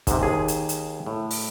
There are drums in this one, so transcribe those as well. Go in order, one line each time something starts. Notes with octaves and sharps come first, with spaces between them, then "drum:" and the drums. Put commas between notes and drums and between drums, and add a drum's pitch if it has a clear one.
G#2 C3, drum: kick, hi-hat
D#2 G#4
drum: hi-hat
drum: hi-hat
A2
drum: open hi-hat